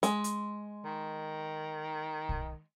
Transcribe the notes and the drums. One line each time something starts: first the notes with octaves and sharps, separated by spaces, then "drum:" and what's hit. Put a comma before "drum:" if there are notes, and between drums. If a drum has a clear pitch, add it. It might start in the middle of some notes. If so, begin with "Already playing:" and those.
G#3, drum: hi-hat
drum: hi-hat
D#3
drum: kick